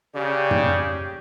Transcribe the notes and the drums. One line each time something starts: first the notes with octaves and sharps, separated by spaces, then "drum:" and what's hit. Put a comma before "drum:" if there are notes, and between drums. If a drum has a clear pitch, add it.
C#3 G4 D5
drum: tom